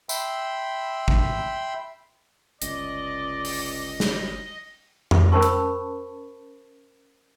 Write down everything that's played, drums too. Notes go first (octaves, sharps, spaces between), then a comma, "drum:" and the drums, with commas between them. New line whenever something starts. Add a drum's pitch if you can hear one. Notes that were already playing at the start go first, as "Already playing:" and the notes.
E5 G5 B5 C6 E6, drum: tambourine
drum: kick
G1 C#2 D5 D#5, drum: hi-hat
drum: open hi-hat
drum: snare
drum: tom F2
C#4 A#4 C5 A5 B5 C#6
drum: hi-hat